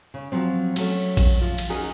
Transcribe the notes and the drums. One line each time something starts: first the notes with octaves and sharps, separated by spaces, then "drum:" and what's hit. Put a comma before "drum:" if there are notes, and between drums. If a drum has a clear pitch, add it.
C#3
F3 F#3 C4
F#3 A3 C#4, drum: cymbal
drum: kick A#1, cymbal
F3 F4
drum: cymbal
C#4 D#4 F#4 G#4 A#4 D#5